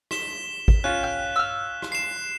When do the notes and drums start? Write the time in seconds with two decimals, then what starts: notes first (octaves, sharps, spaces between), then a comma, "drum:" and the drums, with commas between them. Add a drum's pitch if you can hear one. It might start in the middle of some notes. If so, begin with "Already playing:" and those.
0.11 B6 E7 G7, drum: rim click
0.68 drum: kick G#1
0.84 C#4 F4 F#6
1.03 G5 F6
1.36 E6 F6
1.82 drum: rim click
1.92 C7 E7